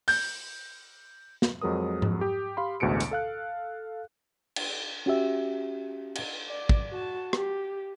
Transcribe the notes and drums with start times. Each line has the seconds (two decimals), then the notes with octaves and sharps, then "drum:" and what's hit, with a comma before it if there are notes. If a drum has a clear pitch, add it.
0.08 G6, drum: open hi-hat
1.42 drum: snare
1.61 F2 F#3 G#3 A#4 D#6
2.02 drum: tom
2.21 G4
2.57 G4 F5 B5 C6
2.80 A1 D2 B2 G#3 C#7 D7
3.00 drum: hi-hat
3.11 A4 F5 F#6
4.56 drum: cymbal
5.06 C#4 F#4 G4 E5
6.15 drum: cymbal
6.49 D5
6.69 drum: kick
6.91 F#4 A5
7.33 G4, drum: rim click